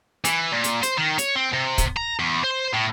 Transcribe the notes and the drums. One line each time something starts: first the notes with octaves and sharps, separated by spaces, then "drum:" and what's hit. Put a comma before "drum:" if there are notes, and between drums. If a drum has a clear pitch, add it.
E3, drum: hi-hat
A#2
drum: hi-hat
C5, drum: hi-hat
D#3
C#5, drum: hi-hat
C4
C3
drum: kick, hi-hat
A#5
E2
C5
A2